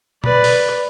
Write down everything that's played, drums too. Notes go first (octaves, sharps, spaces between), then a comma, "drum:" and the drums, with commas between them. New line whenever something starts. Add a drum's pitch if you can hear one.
B4 D5, drum: tom
drum: open hi-hat